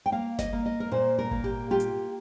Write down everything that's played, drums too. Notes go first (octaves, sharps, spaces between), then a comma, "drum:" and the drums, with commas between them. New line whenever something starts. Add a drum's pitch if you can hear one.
G5
A#3 F5
D#5, drum: snare G1
A#3
D#5
A#4
A#2 C5
A#4
A#3, drum: kick G#1
G4
F4 G4
drum: hi-hat